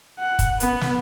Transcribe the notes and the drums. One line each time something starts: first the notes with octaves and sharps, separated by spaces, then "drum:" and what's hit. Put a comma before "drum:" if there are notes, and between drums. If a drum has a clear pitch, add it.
F#5
drum: kick, hi-hat
B3, drum: hi-hat
drum: snare